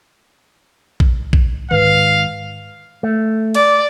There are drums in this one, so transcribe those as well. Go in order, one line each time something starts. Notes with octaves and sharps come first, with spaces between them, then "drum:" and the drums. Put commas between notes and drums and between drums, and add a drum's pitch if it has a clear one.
drum: kick A#1
drum: kick A#1
G#2 D#3 B4 F5, drum: tom D3
A3
D5, drum: cymbal